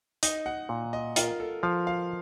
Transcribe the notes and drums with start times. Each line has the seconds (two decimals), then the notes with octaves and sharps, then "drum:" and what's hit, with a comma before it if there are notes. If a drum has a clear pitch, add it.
0.23 D#4 D#5, drum: hi-hat
0.46 F#5
0.69 A#2
0.93 D#5
1.16 F4 A#4, drum: hi-hat
1.40 A4
1.63 F3 F5
1.87 F5